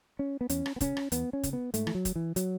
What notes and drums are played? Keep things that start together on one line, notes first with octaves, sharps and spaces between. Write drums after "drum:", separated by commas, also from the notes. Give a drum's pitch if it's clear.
C#4
B3
E2 C#4, drum: hi-hat
drum: rim click
B3
C#3 C#4, drum: kick, hi-hat
drum: rim click
E2 B3, drum: hi-hat
C#4
C#3, drum: kick, hi-hat
B3
G#2 A3, drum: hi-hat
E3, drum: rim click
F#3
drum: kick, hi-hat
E3
F#3, drum: hi-hat